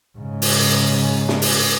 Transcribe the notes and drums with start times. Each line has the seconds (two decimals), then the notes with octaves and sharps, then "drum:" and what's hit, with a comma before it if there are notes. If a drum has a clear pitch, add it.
0.18 G#2 C#3
0.42 drum: open hi-hat
1.29 drum: snare
1.42 drum: open hi-hat